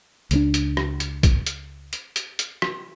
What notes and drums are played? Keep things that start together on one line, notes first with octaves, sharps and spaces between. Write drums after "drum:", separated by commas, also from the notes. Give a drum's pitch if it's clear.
C#2 G#3 D4, drum: hi-hat
drum: hi-hat
drum: rim click
drum: hi-hat
drum: kick, hi-hat
drum: hi-hat
drum: hi-hat
drum: hi-hat
drum: hi-hat
drum: rim click